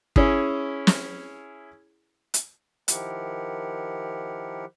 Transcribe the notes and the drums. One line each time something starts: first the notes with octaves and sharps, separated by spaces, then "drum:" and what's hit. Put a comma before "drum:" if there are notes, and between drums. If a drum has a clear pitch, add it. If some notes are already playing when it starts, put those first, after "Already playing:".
C#4 E4 G#4, drum: kick
drum: snare
drum: hi-hat
D#3 F3 E4 G4 A#4 F#5, drum: hi-hat